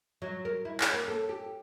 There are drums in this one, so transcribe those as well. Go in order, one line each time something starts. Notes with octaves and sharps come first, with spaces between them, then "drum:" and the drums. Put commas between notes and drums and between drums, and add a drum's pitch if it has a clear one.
F#3
A#4
E4
C#4, drum: clap
A#3
A4
G4